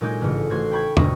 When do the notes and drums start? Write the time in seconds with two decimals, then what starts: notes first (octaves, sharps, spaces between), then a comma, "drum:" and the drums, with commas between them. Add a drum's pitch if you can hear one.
0.01 A#2 F#3 G#3 D#4 D6 G6
0.21 A1 G#2 C#3 F4 C#7
0.50 A1 F#4 C5 C6 G#6 C7
0.71 G5 A5 B5 C#6 G6 G#6
0.97 G1 D2 B2 D#5 C#6 D#6, drum: tom